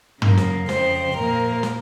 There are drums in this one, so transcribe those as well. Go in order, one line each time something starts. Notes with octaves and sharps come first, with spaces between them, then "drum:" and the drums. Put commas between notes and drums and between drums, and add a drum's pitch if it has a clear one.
C#3 F#3 A#3, drum: tom
drum: snare
F2 C#3 F3 C4 C5, drum: snare
A#2 F3 A#3 A#4
drum: snare